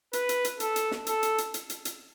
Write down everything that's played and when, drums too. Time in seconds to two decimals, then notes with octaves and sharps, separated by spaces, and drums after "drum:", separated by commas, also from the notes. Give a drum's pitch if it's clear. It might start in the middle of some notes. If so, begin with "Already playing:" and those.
0.13 B4, drum: hi-hat
0.29 drum: hi-hat
0.45 drum: hi-hat
0.60 A4, drum: hi-hat
0.76 drum: hi-hat
0.91 drum: snare
1.07 A4, drum: hi-hat
1.23 drum: hi-hat
1.38 drum: hi-hat
1.54 drum: hi-hat
1.70 drum: hi-hat
1.85 drum: hi-hat